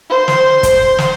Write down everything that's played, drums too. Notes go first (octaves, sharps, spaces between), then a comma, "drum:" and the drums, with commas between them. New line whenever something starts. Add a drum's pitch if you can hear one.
C5
drum: snare
drum: kick, hi-hat
drum: snare